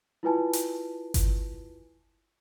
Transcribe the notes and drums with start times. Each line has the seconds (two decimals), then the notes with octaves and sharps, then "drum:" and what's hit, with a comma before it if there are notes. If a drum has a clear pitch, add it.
0.23 E4 F4 B4 G#5 A5
0.53 drum: hi-hat
1.14 drum: kick G1, hi-hat